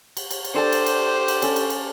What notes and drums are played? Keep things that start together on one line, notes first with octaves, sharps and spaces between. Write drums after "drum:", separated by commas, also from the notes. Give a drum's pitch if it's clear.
drum: cymbal
drum: cymbal
drum: cymbal
D4 G4 A4 C5 A5
drum: cymbal
drum: cymbal
drum: cymbal
C#4 A4, drum: cymbal
drum: cymbal
drum: cymbal